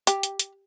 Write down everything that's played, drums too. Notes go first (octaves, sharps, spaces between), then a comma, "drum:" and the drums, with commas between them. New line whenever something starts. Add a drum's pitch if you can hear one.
G4, drum: hi-hat
drum: hi-hat
drum: hi-hat